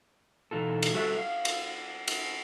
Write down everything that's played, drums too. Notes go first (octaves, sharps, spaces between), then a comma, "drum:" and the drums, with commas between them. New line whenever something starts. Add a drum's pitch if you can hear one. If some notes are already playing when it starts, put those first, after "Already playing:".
B2 E3 D#4 F4 A4
drum: cymbal
G3 F#4 A4 E5
F5
drum: cymbal
drum: cymbal